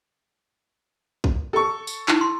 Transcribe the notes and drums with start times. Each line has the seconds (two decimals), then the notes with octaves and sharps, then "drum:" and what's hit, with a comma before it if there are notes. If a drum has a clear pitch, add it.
1.24 drum: kick
1.53 A4 C#6
1.87 drum: tambourine
2.08 D#4 E4, drum: clap
2.21 C6